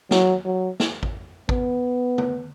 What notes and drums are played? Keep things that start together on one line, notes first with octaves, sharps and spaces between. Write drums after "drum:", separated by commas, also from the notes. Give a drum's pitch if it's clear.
F#3, drum: snare
F#3
drum: snare
drum: kick
B3, drum: kick
drum: tom